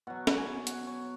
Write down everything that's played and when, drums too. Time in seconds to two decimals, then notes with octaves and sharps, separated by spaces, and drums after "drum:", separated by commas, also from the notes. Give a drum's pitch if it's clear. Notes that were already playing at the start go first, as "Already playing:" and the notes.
0.07 B2 F#3 F#5
0.27 drum: snare
0.37 G#5
0.67 F#5, drum: hi-hat
0.87 C#5